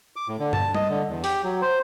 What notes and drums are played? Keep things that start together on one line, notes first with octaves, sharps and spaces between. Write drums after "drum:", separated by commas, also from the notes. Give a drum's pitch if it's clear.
D6
A2
D3
A5, drum: tom
D#5, drum: tom G3
D3
E2
G4, drum: open hi-hat
F#3
C5